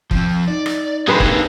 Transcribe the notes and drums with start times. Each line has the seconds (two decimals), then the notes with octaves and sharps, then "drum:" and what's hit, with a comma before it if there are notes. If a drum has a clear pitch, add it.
0.11 F3 C4, drum: kick F#1
0.48 D#4 D5
0.66 drum: rim click
1.07 G2 D3 A#3 C4 D#4 G#4 B4 C5
1.20 drum: kick F#1